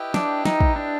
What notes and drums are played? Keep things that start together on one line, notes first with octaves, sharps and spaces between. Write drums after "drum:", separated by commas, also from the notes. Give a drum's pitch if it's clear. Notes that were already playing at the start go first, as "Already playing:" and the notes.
Already playing: E4 G4 B4 D#5 G5
D4, drum: snare
D#4, drum: snare
drum: kick
D4